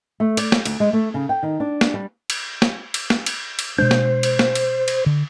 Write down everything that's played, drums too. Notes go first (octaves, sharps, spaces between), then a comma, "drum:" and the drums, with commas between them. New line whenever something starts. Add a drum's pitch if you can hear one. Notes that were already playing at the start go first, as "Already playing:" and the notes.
A3
D5, drum: cymbal
drum: snare
D2, drum: cymbal
G#3
A3
C#3
G5
D#3
D4
drum: snare
G3
drum: cymbal
drum: snare
drum: cymbal
drum: snare
drum: cymbal
drum: cymbal
B2 G#3 D4 C5
drum: snare
drum: cymbal
drum: snare
drum: cymbal
drum: cymbal
D3